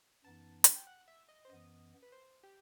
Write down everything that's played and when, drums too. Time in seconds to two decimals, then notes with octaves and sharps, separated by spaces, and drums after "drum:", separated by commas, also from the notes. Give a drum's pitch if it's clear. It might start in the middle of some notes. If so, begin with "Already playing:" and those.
0.24 F#2 E3 B3 D#4 A5
0.64 drum: hi-hat
0.76 G5
0.87 F#5
1.08 E5
1.29 D#5
1.45 C5
1.50 F#2 E3 B3 D#5
2.03 B4
2.12 C5
2.43 G4